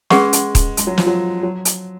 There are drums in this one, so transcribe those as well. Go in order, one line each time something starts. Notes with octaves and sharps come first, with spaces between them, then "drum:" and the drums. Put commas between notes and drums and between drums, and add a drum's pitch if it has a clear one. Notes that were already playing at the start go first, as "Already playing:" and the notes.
G#3 C#4 G#4 B4 F#5 C#6, drum: snare
drum: hi-hat
drum: kick D#1, hi-hat
G#3, drum: hi-hat
F#3
F3, drum: snare
F#3
F#3
drum: hi-hat